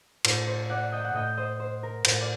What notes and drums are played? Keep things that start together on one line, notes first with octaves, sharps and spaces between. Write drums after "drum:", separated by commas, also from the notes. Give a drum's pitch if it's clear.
A2 C5, drum: cymbal
C5
D5 F#5
D#5 G5
F#5
A2 D#5 G5
C5 D#5
C5
A#4
A2 C5, drum: cymbal
D5